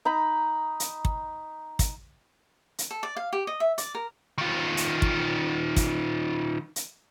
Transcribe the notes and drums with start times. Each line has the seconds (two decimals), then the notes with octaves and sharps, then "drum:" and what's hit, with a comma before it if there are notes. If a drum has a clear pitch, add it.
0.05 D#4 A#5 B5
0.80 drum: hi-hat
1.05 drum: kick
1.79 drum: kick, hi-hat
2.78 drum: hi-hat
2.91 A4
3.03 D5
3.16 F5
3.33 G4
3.47 D#5
3.60 E5
3.78 D5, drum: hi-hat
3.95 A#4
4.38 D#3 F4
4.77 drum: hi-hat
5.02 drum: kick
5.76 drum: kick, hi-hat
6.76 drum: hi-hat